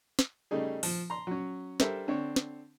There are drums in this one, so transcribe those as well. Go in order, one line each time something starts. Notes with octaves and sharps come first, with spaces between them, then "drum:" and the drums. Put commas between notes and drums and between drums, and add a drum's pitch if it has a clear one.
drum: snare
C#3 G3 A3 D#4 G#4
F3, drum: open hi-hat
A#5 C6
F#3 C#4
G3 D4 A4 A#4 C5 E5, drum: snare
D3 C4 D4 C#5
drum: snare